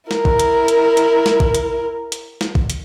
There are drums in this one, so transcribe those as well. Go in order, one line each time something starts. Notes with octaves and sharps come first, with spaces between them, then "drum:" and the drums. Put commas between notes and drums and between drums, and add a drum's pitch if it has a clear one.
E4 A#4, drum: snare
drum: kick A#1
drum: hi-hat
drum: hi-hat
drum: hi-hat
drum: snare
drum: kick A#1
drum: hi-hat
drum: hi-hat
drum: snare
drum: kick A#1
drum: hi-hat